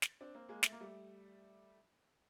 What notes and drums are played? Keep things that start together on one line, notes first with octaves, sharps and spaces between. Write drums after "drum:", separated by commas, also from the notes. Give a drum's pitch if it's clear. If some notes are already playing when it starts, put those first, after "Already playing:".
drum: snare
C4 D4
A#3 C4
G#3 A#3
A3, drum: snare
A#3
G3 A3